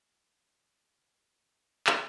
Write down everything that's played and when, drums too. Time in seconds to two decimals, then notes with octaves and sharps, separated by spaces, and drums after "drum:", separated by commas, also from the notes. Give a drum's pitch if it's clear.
0.12 B3 D#4 G4 A6
0.58 C4 F4 G#4 G6
1.04 A#3 C#4 E4 G4 G#6
1.50 A3 C#4 F#4 A4 A6
1.87 drum: clap